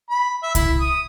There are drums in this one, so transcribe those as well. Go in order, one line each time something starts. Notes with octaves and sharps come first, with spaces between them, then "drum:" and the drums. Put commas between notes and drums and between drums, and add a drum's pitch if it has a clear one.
B5
E5
E4, drum: kick C2, hi-hat
D#6